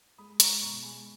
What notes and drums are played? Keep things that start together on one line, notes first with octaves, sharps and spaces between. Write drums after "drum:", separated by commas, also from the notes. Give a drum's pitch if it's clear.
G#3 B5 D#6
G#3 A#5 C#6, drum: hi-hat
B2 A#5 C#6
G#3 G#5 B5